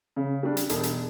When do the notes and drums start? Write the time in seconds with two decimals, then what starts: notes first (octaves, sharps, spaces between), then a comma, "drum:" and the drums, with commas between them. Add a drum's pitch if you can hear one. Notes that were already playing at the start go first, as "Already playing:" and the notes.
0.16 C#3
0.43 G3 D4
0.57 drum: hi-hat
0.69 E1, drum: hi-hat
0.83 drum: hi-hat